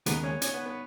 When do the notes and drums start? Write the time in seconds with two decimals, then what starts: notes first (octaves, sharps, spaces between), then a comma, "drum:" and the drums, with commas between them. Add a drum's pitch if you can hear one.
0.06 D#2 C#3 G#3 B3 D#4 A#4, drum: hi-hat
0.24 C#4
0.42 C#4, drum: hi-hat
0.54 B3
0.66 B3